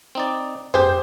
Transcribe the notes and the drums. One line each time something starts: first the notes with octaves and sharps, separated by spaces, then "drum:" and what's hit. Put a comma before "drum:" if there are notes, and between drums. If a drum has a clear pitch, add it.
C4 D#4 D5
G4 G#4 C5 G6, drum: tom F2